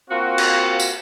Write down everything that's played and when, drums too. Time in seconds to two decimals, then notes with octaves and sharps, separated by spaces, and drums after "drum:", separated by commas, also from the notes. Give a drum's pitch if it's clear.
0.10 A#3 C4 F4 F#4
0.38 drum: cymbal
0.80 drum: tambourine